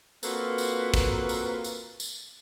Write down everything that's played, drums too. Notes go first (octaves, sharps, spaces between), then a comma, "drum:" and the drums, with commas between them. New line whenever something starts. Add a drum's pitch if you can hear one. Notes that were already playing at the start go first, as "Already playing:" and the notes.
A#3 C4 F4 F#4 A4 B4, drum: tambourine
drum: tambourine
drum: kick, tambourine
drum: tambourine
drum: tambourine
drum: tambourine